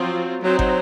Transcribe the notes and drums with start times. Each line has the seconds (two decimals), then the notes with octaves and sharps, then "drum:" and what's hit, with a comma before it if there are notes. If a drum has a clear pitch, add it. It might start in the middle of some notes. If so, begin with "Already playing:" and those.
Already playing: F3 F#3 C4 F4
0.44 F#3 C4 D#4 F#4 C5
0.59 F#3, drum: kick